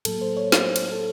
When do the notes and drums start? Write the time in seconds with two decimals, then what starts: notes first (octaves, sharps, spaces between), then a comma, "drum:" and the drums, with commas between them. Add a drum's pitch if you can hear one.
0.05 A2 F#3 A#3 A4, drum: cymbal
0.21 C5
0.37 C#5
0.52 C5, drum: snare
0.76 drum: cymbal
0.92 A4